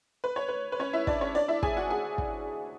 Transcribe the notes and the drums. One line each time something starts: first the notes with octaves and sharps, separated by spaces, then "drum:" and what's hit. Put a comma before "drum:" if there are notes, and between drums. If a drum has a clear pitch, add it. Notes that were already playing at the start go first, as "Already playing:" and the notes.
B4
C#5
B4
B4
C#4 C#5
E4 E5
D4 D5, drum: kick
C#4 C#5
D4 D5
E4 E5
G#4 G#5, drum: kick
F#4 F#5
G#4 G#5
drum: kick